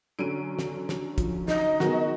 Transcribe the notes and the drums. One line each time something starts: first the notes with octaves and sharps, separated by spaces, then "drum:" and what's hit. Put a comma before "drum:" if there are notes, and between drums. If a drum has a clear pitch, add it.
D3 F#3 C#4 D7 D#7
drum: snare
drum: snare
F3, drum: kick, hi-hat
D#4 D#5, drum: snare
D#3 F#3 B3 F#4 G#4, drum: snare